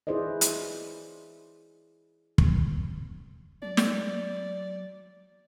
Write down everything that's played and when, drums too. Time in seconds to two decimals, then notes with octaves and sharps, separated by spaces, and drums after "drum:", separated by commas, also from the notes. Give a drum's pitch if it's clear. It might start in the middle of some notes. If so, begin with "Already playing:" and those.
0.07 E4 G#4 B4 C5 D5 D#5
0.41 drum: hi-hat
2.38 drum: kick
3.62 F#3 D5
3.77 drum: snare